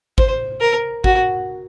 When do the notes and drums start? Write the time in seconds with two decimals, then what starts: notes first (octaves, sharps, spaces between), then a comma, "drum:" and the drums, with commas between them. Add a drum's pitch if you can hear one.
0.18 C5, drum: kick G#1
0.61 A#4
1.04 F#4, drum: kick G#1